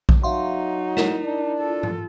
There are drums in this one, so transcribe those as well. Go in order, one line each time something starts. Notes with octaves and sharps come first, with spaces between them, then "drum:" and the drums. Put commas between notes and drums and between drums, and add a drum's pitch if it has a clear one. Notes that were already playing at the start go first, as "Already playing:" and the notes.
drum: kick A#1
F#3 D#4 E5 F5 C6
E4 A#4, drum: snare
D4
F4 A4
drum: tom G#2